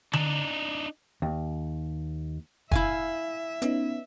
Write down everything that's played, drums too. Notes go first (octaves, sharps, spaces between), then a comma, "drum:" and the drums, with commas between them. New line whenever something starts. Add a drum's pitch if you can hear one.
D4 D#4, drum: tom D3
D#2
E4 E5 F5 G#5, drum: kick
B3 C#4 D#4, drum: hi-hat